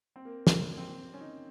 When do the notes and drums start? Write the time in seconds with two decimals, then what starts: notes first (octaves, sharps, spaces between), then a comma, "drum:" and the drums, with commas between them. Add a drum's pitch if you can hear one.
0.16 C4
0.25 A#3
0.47 A#3, drum: snare
0.78 C4
1.14 C#4
1.21 D#4